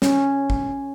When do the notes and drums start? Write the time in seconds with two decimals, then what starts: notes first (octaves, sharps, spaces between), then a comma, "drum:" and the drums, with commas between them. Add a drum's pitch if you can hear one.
0.02 C#4, drum: snare
0.50 drum: kick G#1